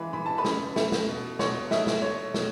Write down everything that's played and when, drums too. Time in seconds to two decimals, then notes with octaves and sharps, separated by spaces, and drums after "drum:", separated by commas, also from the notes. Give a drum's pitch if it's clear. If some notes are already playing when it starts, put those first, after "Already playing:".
Already playing: E3 G#3 B4 B5
0.13 E3 B5
0.26 A5
0.38 B4 B5
0.44 C#4, drum: snare
0.76 A3, drum: snare
0.92 drum: snare
1.08 B2
1.39 B2 C#5 C#6, drum: snare
1.71 D#4 E4 E5, drum: snare
1.87 drum: snare
2.02 A3 C#5
2.34 B2, drum: snare